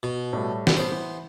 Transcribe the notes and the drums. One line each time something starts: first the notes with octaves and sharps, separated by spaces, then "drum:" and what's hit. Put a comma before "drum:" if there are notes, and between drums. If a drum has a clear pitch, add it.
B2
A2 G3 A3
drum: snare
B3 C5
E3